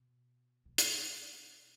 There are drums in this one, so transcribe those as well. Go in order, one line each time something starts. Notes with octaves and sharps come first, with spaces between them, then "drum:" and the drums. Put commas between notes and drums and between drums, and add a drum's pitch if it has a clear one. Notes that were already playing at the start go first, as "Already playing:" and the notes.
Already playing: B2
B2
drum: hi-hat